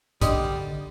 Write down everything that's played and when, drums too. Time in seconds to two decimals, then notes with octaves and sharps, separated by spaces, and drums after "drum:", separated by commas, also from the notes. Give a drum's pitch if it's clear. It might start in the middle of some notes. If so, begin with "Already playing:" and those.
0.21 D3 G3 D#5 D#6, drum: kick A#1, hi-hat